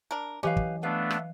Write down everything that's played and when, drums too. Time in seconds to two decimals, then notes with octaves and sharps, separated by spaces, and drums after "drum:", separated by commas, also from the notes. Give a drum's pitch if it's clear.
0.11 D4 A#4
0.43 E3 F#3 C#4 G4 B4 D#5 F5
0.57 drum: kick
0.83 A3 B3 D4 B4 F5
1.11 drum: rim click